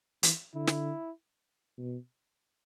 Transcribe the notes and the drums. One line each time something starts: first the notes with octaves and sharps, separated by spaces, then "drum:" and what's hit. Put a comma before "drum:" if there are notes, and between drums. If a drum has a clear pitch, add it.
E3, drum: hi-hat
D3 E4
drum: snare
B2